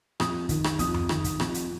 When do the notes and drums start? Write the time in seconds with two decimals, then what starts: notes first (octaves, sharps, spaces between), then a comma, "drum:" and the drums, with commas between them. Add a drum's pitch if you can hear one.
0.20 F2 D#6, drum: rim click
0.49 D#3, drum: kick, hi-hat
0.64 drum: rim click
0.79 F2 D#6, drum: kick, hi-hat
0.94 drum: tom F2
1.09 D#3, drum: rim click
1.24 drum: kick, hi-hat
1.40 F2, drum: rim click
1.54 drum: hi-hat